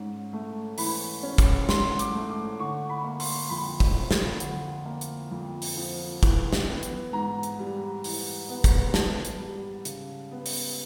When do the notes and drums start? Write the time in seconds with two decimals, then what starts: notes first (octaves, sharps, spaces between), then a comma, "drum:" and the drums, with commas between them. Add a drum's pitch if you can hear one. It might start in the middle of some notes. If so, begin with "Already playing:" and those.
Already playing: G#2 C#4
0.33 A3
0.78 E3 B5, drum: open hi-hat
1.23 C#4
1.38 drum: kick, hi-hat
1.69 G#2 C6, drum: snare
1.99 D6, drum: hi-hat
2.14 A3
2.29 D6
2.59 D3 C#6
2.89 B5
3.04 A#3
3.20 C6, drum: open hi-hat
3.49 F2 B5
3.80 drum: kick
3.95 F3
4.11 drum: snare
4.40 D3, drum: hi-hat
4.86 A#3
5.01 drum: hi-hat
5.31 F2
5.62 drum: open hi-hat
5.77 F3
6.23 E3, drum: kick, hi-hat
6.53 drum: snare
6.68 B3
6.83 drum: hi-hat
7.13 G#2 A#5
7.43 drum: hi-hat
7.59 G3
8.04 E3, drum: open hi-hat
8.49 B3
8.64 drum: kick, hi-hat
8.94 G#2 A5, drum: snare
9.25 drum: hi-hat
9.40 G3
9.85 C#3, drum: hi-hat
10.31 B3
10.46 drum: open hi-hat